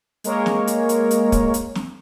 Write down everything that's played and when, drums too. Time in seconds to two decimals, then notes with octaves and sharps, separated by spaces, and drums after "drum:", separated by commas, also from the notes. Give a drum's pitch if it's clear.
0.24 G#3 A#3 A#4 C#5, drum: hi-hat
0.46 drum: snare
0.67 drum: hi-hat
0.89 drum: hi-hat
1.11 drum: hi-hat
1.32 drum: kick, hi-hat
1.54 drum: hi-hat
1.75 drum: snare